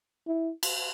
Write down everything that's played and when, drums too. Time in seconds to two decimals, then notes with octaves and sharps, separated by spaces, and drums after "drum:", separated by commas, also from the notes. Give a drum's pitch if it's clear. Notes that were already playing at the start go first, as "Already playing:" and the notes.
0.27 E4
0.63 drum: cymbal